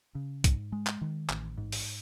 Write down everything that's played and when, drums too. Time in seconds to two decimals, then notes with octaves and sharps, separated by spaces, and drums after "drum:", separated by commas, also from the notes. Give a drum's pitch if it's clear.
0.15 C#3
0.44 G#2, drum: kick, hi-hat
0.72 G#3
0.87 drum: clap
1.01 D#3
1.29 A1, drum: clap
1.58 G#2
1.72 drum: open hi-hat